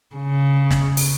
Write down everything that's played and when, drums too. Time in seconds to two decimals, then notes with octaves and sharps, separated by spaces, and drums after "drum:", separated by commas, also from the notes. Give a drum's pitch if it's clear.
0.15 C#3
0.71 drum: snare
0.97 drum: open hi-hat